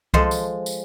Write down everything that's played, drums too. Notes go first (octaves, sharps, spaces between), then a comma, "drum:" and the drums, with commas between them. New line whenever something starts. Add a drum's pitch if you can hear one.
F3 G#3 A4 C5, drum: kick C2
drum: tambourine
drum: tambourine